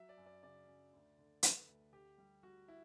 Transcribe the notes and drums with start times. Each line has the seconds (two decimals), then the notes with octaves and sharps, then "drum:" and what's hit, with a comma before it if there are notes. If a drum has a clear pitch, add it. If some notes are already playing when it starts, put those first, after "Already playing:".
Already playing: F#3 E5
0.09 D5
0.17 F#2
0.26 D5
0.43 C#3 D5
0.68 F#2
0.93 D2
1.18 D3
1.43 D3 B4, drum: hi-hat
1.68 D2
1.93 D2 G4
2.18 G3
2.43 G3 F#4
2.68 E4